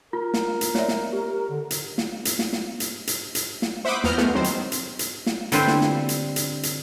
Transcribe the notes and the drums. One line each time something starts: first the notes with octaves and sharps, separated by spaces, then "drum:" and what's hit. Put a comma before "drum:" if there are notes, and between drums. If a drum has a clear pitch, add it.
F4 A#4
drum: snare
drum: hi-hat
C#5 D5 E5, drum: snare
drum: snare
G4
D3
drum: hi-hat
drum: snare
drum: hi-hat
drum: snare
drum: snare
drum: hi-hat
drum: hi-hat
drum: hi-hat
drum: snare
C5 E5 F#5 B5 D6 D#6
E2 B3 A#5 F6 G6, drum: snare
G#3 A3 B3, drum: snare
D#3 F#3 C4 C5
drum: hi-hat
drum: hi-hat
drum: hi-hat
drum: snare
D3 G3 C4 E4 B4 C5, drum: hi-hat
drum: snare
drum: snare
drum: hi-hat
drum: hi-hat
drum: hi-hat